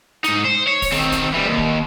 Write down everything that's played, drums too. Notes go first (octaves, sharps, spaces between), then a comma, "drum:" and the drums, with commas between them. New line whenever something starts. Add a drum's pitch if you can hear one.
G#2 D#4, drum: hi-hat
C5
C#5
drum: kick, open hi-hat
D#3 C4
drum: kick, hi-hat
E3 G3
D#2
drum: kick